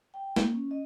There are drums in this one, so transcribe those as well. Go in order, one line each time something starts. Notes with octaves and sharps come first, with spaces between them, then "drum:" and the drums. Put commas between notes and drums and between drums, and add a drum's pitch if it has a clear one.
G5
A#3, drum: snare
C#4
D#5